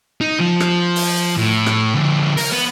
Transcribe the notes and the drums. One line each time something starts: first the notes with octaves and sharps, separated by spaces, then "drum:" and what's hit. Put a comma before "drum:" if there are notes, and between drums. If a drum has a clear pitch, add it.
D#4
F3
drum: rim click
drum: open hi-hat
A2
drum: rim click
D3 F3
A#4, drum: open hi-hat
B3